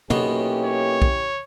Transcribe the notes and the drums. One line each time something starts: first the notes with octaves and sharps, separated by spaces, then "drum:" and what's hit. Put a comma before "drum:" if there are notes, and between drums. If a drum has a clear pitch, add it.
B1 B2 A#3 B3 C#4 E4 G4, drum: tom
C#5
drum: kick B1